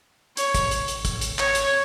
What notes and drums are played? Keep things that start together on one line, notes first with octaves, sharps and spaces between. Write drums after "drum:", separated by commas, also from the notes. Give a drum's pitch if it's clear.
C#5, drum: hi-hat
drum: kick, hi-hat
drum: hi-hat
drum: hi-hat
drum: kick, hi-hat
drum: hi-hat
C#5, drum: clap
drum: hi-hat